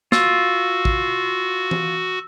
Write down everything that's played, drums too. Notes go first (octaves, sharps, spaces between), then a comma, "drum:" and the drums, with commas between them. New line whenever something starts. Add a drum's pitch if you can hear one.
F4 F#4 E6, drum: snare
drum: kick A1
drum: tom E3